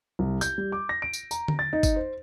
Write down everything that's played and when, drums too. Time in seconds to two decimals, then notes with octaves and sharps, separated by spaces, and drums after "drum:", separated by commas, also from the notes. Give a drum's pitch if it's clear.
0.19 C2
0.41 G6, drum: tambourine
0.58 G3
0.72 D6
0.89 A#6
1.02 D7
1.13 drum: tambourine
1.31 A#5, drum: tambourine
1.48 drum: tom D3
1.59 A6
1.73 D#4
1.83 drum: kick G1, tambourine
1.96 C5